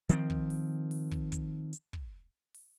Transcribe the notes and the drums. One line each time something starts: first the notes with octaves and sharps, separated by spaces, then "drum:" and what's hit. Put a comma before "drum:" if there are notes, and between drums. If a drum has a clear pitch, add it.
D#3 F3 G#3 C4, drum: hi-hat
drum: kick
drum: open hi-hat
drum: open hi-hat
drum: kick
drum: kick, hi-hat
drum: hi-hat
drum: kick
drum: open hi-hat